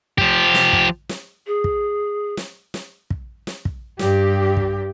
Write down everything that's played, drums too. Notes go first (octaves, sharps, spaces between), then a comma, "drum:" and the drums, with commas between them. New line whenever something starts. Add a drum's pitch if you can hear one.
F3 G4, drum: kick
drum: snare
drum: kick
drum: snare
G#4
drum: kick
drum: snare
drum: snare
drum: kick
drum: snare
drum: kick
G2 G4, drum: snare
drum: kick